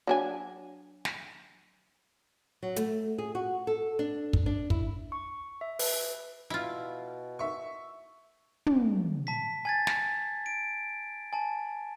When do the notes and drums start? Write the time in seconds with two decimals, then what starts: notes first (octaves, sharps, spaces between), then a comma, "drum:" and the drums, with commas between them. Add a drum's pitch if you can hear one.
0.07 F#3 D4 G#5
1.05 drum: snare
2.62 F#3
2.76 A3, drum: hi-hat
3.18 G#4
3.35 F#4
3.67 A4
3.99 D4
4.33 drum: kick
4.46 D4
4.70 E4, drum: kick
5.12 C#6
5.61 E5
5.79 B4, drum: open hi-hat
6.50 B2 E4 F4
7.39 E5 C#6
8.66 drum: tom
9.27 A5 B6
9.65 G#5 G#6 A6
9.87 drum: snare
10.46 D7
11.33 G#5 A5